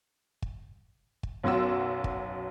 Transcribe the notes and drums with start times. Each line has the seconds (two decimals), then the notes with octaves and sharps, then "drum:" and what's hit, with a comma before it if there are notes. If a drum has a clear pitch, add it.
0.42 drum: kick
1.23 drum: kick
1.43 B1 F#2 F#3 F#4 E6
2.04 drum: kick